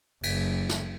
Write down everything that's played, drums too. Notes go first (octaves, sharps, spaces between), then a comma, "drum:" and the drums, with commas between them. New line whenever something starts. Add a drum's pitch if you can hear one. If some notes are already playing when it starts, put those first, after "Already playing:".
F#1, drum: cymbal
drum: snare